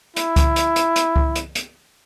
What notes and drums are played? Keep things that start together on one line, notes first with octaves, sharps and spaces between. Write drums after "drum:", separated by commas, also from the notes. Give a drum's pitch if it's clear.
E4, drum: hi-hat
drum: kick C#2, hi-hat
drum: hi-hat
drum: hi-hat
drum: hi-hat
drum: kick C#2
drum: hi-hat
drum: hi-hat